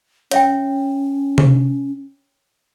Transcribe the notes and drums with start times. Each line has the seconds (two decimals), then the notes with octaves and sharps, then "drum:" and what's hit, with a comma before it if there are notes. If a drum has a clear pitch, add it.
0.31 C#4 C#5 E5 G5, drum: hi-hat
1.38 drum: tom C3